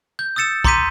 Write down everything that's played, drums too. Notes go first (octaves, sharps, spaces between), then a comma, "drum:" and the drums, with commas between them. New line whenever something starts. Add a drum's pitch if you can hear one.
G6
D#6 E6 A6 C#7 E7
A#5 C6 D6 G6 B6 D#7, drum: kick